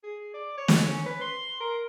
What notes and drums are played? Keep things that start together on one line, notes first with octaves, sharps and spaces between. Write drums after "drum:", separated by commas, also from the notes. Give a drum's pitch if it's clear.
G#4
D5
C#5
drum: snare
C#4
B4
C6
A#4